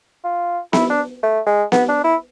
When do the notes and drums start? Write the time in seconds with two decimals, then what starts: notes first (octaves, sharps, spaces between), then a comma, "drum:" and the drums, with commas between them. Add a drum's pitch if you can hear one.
0.24 F4
0.73 E4, drum: snare B3
0.90 D4
1.23 A3
1.47 G#3
1.72 B3, drum: snare B3
1.89 D4
2.04 E4